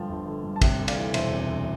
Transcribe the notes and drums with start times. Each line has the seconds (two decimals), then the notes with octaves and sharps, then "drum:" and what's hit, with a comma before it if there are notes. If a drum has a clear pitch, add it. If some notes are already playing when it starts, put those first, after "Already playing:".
Already playing: G2 D3 F3 F5 G5 A5
0.09 G1
0.26 D3
0.44 G2
0.56 A5
0.61 C3 E5 G5, drum: kick, cymbal
0.79 D2
0.88 D5 F5, drum: cymbal
0.97 E3
1.14 E1 C5 E5, drum: cymbal
1.32 C3
1.49 D2